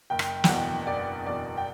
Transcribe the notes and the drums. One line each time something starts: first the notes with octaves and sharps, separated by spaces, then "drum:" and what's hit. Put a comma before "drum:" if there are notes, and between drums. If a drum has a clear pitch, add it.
F#1 G5
drum: rim click
G5, drum: snare
E2 B2 F#5
F#1 D5
E2 B2 D5
G5